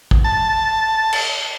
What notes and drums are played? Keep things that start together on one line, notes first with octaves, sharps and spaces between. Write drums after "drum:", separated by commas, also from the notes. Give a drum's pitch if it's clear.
drum: kick A1
A5
drum: cymbal